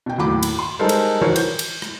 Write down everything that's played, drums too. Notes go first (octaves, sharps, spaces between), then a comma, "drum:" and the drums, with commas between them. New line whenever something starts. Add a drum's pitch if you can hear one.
B2 G5
D#2 A2 F#3 B5 D6
drum: cymbal
C6
G3 G#3 D#4 A4 A#4 C5
drum: cymbal
D#3 E3 F#4 A#4 C5 C#5
G6, drum: cymbal
drum: cymbal
drum: rim click